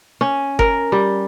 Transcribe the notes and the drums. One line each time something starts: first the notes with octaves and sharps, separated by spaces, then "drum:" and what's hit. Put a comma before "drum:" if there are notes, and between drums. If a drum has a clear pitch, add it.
C#4
A#4, drum: kick G1
G3